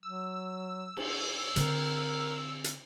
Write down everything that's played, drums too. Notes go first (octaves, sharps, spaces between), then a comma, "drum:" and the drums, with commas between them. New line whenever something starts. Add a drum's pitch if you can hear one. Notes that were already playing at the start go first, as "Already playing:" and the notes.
F#3 E6
drum: cymbal
D3 C4 A#4, drum: hi-hat
drum: hi-hat